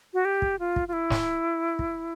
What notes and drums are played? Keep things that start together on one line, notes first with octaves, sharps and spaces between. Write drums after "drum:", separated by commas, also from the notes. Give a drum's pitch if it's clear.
F#4
G4
drum: kick
F4
drum: kick
F4
E4
drum: snare
drum: kick